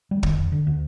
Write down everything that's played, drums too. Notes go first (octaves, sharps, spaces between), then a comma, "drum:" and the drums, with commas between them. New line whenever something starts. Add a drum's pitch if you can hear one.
G3
D#3, drum: kick
F2
D3
D2